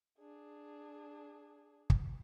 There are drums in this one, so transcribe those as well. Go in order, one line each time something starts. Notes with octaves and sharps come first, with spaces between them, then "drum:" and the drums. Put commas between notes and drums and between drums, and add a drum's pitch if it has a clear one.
D4 G#4
drum: kick